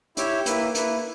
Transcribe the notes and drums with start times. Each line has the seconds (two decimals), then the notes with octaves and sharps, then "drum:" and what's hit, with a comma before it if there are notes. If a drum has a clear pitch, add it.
0.17 E4 G4 C#5 E5 G5, drum: hi-hat
0.46 A#3 E4 B4, drum: hi-hat
0.75 A#3 E4 B4, drum: hi-hat